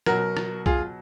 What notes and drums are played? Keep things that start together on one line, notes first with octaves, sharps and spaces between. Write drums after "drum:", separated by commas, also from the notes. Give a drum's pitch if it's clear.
B2 F#3 F#4 A#4, drum: rim click
drum: rim click
F4 G#4, drum: kick